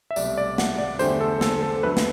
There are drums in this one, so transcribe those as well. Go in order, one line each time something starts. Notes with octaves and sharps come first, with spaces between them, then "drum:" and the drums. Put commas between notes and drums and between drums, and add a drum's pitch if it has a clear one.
E5
C2 B2 F#3 A3 D5, drum: tambourine
D5
F#5, drum: snare
D5
E2 D3 A3 D4 G4 C5, drum: tambourine
A4
A4, drum: snare
A4
D2 D3 F#3 A3 B4
drum: snare